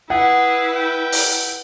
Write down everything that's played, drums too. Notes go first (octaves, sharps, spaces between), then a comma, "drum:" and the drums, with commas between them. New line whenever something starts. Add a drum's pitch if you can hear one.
E4 G#4 B4 F#5
G5
drum: open hi-hat